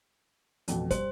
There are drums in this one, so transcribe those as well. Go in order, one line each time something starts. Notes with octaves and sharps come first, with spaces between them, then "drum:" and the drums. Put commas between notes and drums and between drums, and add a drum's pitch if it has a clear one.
A1 F2 B2, drum: hi-hat
G3 C5, drum: kick, hi-hat